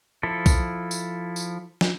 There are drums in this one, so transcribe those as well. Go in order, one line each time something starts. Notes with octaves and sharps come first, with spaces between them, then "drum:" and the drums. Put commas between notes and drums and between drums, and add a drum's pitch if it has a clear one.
F3 E4 A4
drum: kick B1, tambourine
drum: tambourine
drum: tambourine
drum: snare